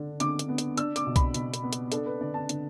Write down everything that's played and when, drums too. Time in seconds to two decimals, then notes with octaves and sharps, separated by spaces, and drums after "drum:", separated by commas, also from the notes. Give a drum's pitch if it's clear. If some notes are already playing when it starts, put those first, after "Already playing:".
Already playing: D3 D4
0.20 D3 D6, drum: hi-hat
0.39 drum: hi-hat
0.49 B3
0.58 drum: hi-hat
0.78 D4 E6, drum: hi-hat
0.96 D6, drum: hi-hat
1.07 B2
1.16 B5, drum: kick B1, hi-hat
1.34 B2, drum: hi-hat
1.54 drum: hi-hat
1.63 B3
1.73 drum: hi-hat
1.92 D4 A4, drum: hi-hat
2.06 B4
2.21 D3 D5
2.34 A5
2.49 D3, drum: hi-hat